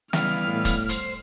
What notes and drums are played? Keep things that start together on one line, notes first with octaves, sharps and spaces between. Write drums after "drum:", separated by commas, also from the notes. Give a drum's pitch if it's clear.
C#3 E3 G3 B3 F5 F6, drum: snare
A2
drum: kick, hi-hat
C5, drum: hi-hat